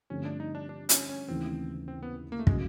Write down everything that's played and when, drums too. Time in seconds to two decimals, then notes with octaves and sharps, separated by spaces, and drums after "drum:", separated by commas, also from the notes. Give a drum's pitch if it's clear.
0.10 G2 D3 F3 A3 C4 C#4
0.25 D4
0.40 D#4
0.55 D4
0.69 D4
0.89 C#4, drum: hi-hat
1.09 C#4
1.28 D#2 C#3 E3 A3 C4
1.88 C4
2.03 B3
2.32 A#3
2.39 A3
2.47 C#3 F#3 G#3, drum: kick